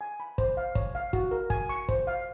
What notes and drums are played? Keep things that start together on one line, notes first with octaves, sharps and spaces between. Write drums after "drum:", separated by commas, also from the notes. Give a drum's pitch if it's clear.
G#5
B5
C5, drum: kick
F5
C#5, drum: kick
F5
F#4, drum: kick
A#4
G#5, drum: kick
C#6
C5, drum: kick
F5